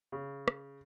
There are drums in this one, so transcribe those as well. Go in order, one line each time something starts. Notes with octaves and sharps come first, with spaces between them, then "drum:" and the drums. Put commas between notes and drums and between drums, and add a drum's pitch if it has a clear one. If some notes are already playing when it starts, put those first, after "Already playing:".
C#3
drum: rim click